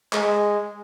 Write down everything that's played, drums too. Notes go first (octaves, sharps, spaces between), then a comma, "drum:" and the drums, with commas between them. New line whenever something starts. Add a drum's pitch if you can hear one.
G#3, drum: clap